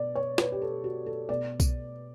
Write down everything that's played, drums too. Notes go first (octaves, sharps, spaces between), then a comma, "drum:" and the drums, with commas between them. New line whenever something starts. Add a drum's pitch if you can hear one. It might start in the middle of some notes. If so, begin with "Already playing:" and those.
Already playing: B2 D5
C#5
B4, drum: snare
G4
A4
F#4
A4
B2 D5
drum: kick B1, tambourine